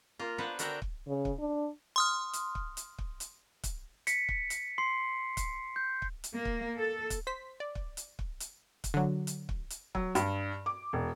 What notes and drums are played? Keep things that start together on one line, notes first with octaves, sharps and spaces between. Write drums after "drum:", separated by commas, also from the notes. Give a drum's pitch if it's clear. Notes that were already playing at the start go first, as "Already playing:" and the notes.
A#3 F4
B3 D4 B4 C5 F#5
D3 D4 F#4 A#4 E5 G5, drum: hi-hat
drum: kick
C#3
drum: kick
D4
C6 D#6 F6
drum: hi-hat
drum: kick
drum: hi-hat
drum: kick
drum: hi-hat
drum: kick, hi-hat
B6 C#7, drum: hi-hat
drum: kick
drum: hi-hat
C6 C7
drum: kick, hi-hat
G6
drum: kick
drum: hi-hat
A#3
drum: kick
A4
drum: kick, hi-hat
C5 B6
D5
drum: kick
drum: hi-hat
drum: kick
drum: hi-hat
drum: kick, hi-hat
D3 F#3
drum: hi-hat
drum: kick
drum: hi-hat
F#3, drum: kick
G2, drum: hi-hat
D6
E1